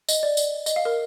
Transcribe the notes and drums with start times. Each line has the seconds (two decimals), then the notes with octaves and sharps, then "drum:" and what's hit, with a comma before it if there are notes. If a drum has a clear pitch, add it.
0.09 D#5, drum: tambourine
0.23 D5
0.37 drum: tambourine
0.66 D#5, drum: tambourine
0.76 F5
0.85 A#4